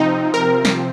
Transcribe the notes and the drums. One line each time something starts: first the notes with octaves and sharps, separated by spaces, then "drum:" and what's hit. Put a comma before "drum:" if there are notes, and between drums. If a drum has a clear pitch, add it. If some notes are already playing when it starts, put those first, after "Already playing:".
Already playing: C3 F3 C4 D#4
A#4
drum: snare